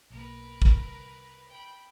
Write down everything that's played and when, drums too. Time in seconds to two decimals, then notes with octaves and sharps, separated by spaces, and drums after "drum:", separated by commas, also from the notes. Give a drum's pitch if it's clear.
0.10 B1 A#3 A#4 B4
0.62 drum: kick
0.72 C2
1.48 G5 B5